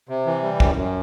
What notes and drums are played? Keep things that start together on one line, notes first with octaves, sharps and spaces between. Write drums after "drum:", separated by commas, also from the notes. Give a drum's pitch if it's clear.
C3
E3
G3
F#2, drum: kick
F#2